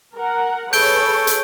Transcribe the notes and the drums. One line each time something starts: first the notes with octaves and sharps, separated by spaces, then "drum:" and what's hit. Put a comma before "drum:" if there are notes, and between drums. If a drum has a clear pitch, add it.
A#4 F#5
G#4 A4 B4 C#5 G6 D7 G7, drum: open hi-hat
drum: hi-hat